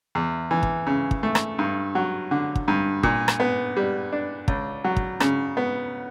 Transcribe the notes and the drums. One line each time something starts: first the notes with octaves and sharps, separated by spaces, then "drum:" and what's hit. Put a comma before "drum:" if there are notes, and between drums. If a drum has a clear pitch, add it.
E2
E3
drum: kick
C#3
drum: kick
A3
drum: rim click
G2
F#3
D3
drum: kick
G2
A#2, drum: kick
drum: rim click
B3
G3
D4
C#2, drum: kick
F#3
drum: kick
C#3, drum: rim click
B3